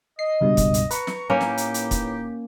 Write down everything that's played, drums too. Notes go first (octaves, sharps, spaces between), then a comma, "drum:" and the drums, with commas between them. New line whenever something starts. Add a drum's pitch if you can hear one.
D#5 C7
C#2 G2 B2
drum: kick, hi-hat
drum: hi-hat
B4 A#5 C#6, drum: hi-hat
drum: snare
A2 A#3 C#4 D#4 G4
drum: snare
drum: hi-hat
drum: hi-hat
drum: kick, hi-hat